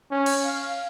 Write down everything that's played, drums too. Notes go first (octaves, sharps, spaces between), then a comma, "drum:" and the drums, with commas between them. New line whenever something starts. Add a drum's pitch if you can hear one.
C#4
drum: cymbal
F5